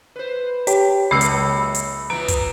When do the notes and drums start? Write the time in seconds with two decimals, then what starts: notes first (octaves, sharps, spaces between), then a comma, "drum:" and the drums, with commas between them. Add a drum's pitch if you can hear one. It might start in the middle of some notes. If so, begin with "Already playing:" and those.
0.16 B4 C5
0.67 G4 C#5, drum: hi-hat
1.11 C#2 F#2 A#3 B5 E6 C7 C#7
1.21 drum: hi-hat
1.75 drum: hi-hat
2.10 E3 F3 B3 A#5 D7
2.28 drum: kick, hi-hat